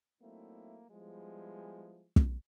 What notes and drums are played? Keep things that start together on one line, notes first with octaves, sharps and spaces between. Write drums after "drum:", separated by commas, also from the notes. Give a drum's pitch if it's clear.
F#3 A3 A#3 C4 D#4 E4
F3 G3 G#3 B3 E4 G#4
drum: kick